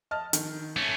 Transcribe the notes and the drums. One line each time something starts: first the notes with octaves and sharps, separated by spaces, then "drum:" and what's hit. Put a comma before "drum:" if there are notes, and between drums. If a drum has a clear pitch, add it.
D#5 A5 F6
D#3, drum: hi-hat
A3 C#4